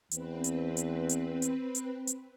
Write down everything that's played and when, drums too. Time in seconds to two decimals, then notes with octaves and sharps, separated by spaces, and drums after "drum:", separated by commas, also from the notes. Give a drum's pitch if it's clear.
0.12 E2 C4 B4, drum: hi-hat
0.44 drum: hi-hat
0.77 drum: hi-hat
1.10 drum: hi-hat
1.42 drum: hi-hat
1.75 drum: hi-hat
2.07 drum: hi-hat